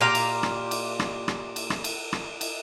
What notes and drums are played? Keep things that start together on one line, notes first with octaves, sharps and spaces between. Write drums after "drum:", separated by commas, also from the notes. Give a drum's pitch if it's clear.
A#2 G4 F5 A#5
drum: cymbal
drum: rim click
drum: cymbal
drum: rim click
drum: rim click
drum: cymbal
drum: rim click
drum: cymbal
drum: rim click
drum: cymbal